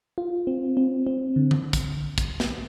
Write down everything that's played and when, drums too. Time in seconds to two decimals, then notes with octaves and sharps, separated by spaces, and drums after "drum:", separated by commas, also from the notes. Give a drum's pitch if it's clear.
0.18 F4
0.47 C4
0.77 C4
1.07 C4
1.36 D3
1.51 drum: tom D3
1.73 drum: kick, hi-hat
2.18 drum: kick, hi-hat
2.40 drum: snare